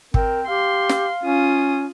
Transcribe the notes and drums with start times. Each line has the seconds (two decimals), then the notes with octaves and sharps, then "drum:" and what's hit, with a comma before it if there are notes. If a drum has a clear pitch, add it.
0.14 C4 A#4, drum: kick
0.48 G4 F5 C6
0.89 drum: snare
1.24 C#4 F4 D#6